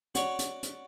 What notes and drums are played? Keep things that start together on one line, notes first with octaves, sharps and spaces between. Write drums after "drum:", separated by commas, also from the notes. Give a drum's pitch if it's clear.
F#4 C#5 D5, drum: hi-hat
drum: hi-hat
drum: hi-hat